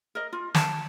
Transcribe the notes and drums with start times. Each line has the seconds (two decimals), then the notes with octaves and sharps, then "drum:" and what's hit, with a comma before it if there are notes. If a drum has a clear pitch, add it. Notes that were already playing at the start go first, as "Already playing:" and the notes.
0.15 A#4 D#5
0.33 F4
0.55 A5, drum: snare